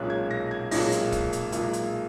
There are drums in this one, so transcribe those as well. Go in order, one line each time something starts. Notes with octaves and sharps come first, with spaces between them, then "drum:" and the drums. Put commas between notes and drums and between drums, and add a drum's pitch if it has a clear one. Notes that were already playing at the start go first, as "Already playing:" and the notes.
Already playing: B1 A#2 G#3 C#4 F#6
G#6
A#6
G#6
B1 A#2 G#3 C#4 A#6, drum: open hi-hat
drum: hi-hat
drum: kick, hi-hat
drum: hi-hat
B1 A#2 G#3, drum: hi-hat
drum: hi-hat